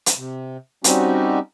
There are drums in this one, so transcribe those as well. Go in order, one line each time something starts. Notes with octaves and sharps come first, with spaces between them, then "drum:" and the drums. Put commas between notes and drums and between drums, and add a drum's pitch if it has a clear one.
drum: hi-hat
C3
G3 C4 C#4 D#4 F#4 G4, drum: hi-hat